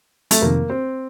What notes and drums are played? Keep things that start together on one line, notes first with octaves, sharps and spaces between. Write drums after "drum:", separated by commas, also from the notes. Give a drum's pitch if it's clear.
A3, drum: hi-hat
F2 C3 D#3 A#3
C4